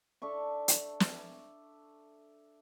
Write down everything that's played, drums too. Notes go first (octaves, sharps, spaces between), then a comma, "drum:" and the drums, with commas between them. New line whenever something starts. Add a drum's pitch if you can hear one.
D4 A4 E5 C#6
drum: hi-hat
drum: snare